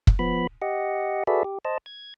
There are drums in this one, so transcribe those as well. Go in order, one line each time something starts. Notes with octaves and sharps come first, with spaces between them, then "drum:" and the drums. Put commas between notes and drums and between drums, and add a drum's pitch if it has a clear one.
drum: kick
F3 B3 B5
G4 D#5 F#5
F#4 G#4 A4 B4 D5 E5
G4
C5 D#5 A5
G#6